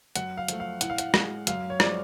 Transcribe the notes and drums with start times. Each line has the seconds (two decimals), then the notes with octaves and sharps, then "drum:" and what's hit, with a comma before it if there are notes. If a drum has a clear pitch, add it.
0.16 F#2 F#5, drum: hi-hat
0.37 F5
0.48 F3 A3, drum: hi-hat
0.60 F5
0.81 A2 F#5, drum: hi-hat
0.90 F5
0.98 F#5, drum: hi-hat
1.14 G#3, drum: rim click
1.47 F#2 F5, drum: hi-hat
1.70 C#5
1.80 F3 G#3 D5, drum: rim click